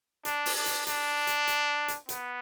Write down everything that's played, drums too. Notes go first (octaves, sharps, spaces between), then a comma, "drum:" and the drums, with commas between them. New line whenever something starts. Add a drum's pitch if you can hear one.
D4, drum: hi-hat
drum: open hi-hat
D4
drum: hi-hat
D4, drum: hi-hat
drum: hi-hat
drum: hi-hat
drum: hi-hat
B3, drum: hi-hat